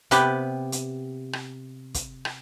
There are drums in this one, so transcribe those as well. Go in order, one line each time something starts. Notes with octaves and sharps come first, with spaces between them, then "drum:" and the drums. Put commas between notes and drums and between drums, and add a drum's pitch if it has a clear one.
C3 B3 G4 B4, drum: hi-hat
drum: hi-hat
drum: rim click
drum: kick, hi-hat
drum: rim click